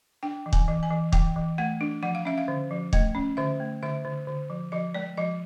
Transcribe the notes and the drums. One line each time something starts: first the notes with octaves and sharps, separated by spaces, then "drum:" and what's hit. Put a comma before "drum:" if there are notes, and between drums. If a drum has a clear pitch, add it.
D4 G5
E3
G#5, drum: kick
E3
G#5
E3
E3 G5, drum: kick
E3
A3 F#5
D4
F3 F#5
F5
C#4 E5
F5
D3
F3
A3 D#5, drum: kick
C#4
D3 E5
A3
D3 E5
D3
D3
F3
F3 D#5
G#3 D5
F3 D#5